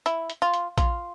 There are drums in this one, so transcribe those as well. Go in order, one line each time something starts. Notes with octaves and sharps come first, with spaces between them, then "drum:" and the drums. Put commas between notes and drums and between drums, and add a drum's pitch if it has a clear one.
E4, drum: hi-hat
drum: hi-hat
F4
drum: hi-hat
F4, drum: kick A#1, hi-hat